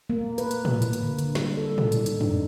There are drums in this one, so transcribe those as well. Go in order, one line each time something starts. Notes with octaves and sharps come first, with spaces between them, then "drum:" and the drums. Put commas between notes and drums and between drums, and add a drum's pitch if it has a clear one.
A#3
B4, drum: hi-hat
drum: hi-hat
drum: tom A2
A#3, drum: hi-hat
drum: hi-hat
D3
D3, drum: hi-hat
G3, drum: snare
A4
drum: tom A2
drum: hi-hat
D#4, drum: hi-hat
D4, drum: tom